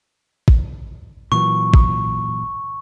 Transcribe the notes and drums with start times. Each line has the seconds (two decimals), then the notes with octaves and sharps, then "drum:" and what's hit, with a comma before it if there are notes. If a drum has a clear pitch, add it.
0.48 drum: kick
1.32 A#2 E3 F#3 C#6
1.74 drum: kick